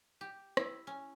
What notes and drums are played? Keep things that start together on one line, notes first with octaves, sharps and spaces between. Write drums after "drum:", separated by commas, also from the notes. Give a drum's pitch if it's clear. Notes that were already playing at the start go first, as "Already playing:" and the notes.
G4
E4, drum: rim click
C#4